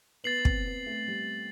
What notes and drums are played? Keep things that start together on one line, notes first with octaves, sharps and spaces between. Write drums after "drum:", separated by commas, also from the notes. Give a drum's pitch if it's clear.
B3 A6 C7 F#7
C4, drum: kick
B3
A3
G3